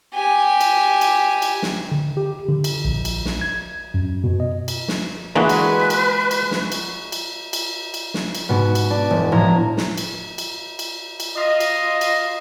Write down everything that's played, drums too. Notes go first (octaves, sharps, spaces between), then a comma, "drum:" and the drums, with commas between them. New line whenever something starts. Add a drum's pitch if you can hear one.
G4 G#5
drum: cymbal
drum: cymbal
drum: cymbal
drum: snare
D3
G4
D3
drum: cymbal
A#1
drum: cymbal
drum: snare
G#6
F#2
B2
D#5
drum: cymbal
drum: snare
D3 E3 G#3 A#3 F#4 B4
drum: cymbal
drum: cymbal
drum: cymbal
drum: snare
drum: cymbal
drum: cymbal
drum: cymbal
drum: cymbal
drum: snare
drum: cymbal
G#2 B2 B3
drum: cymbal
D4
E1
A2 F3 A#5 G#6
drum: snare
drum: cymbal
drum: cymbal
drum: cymbal
drum: cymbal
F4 D#5
drum: cymbal
drum: cymbal